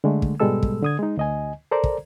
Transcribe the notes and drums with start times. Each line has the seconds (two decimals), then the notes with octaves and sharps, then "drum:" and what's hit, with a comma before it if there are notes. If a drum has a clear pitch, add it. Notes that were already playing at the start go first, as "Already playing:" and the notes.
0.04 D3 G#3 A3
0.22 drum: kick
0.40 G#2 B2 G3 G#3 A4 E6
0.63 drum: kick
0.83 D3 D#6 G#6
0.99 G#3 D#4
1.17 D2 D#5 G#5
1.71 A4 A#4 C5 D5 A#5
1.84 drum: kick